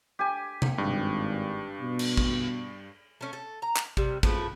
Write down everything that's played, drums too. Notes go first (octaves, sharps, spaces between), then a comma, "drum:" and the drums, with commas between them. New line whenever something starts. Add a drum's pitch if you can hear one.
G4 G#5
drum: tom C3
G#1 G2
B2
drum: cymbal
drum: kick
A3 C#4
A4
A#5
drum: clap
C3 G3, drum: kick
C#3 F3 A3 B4, drum: kick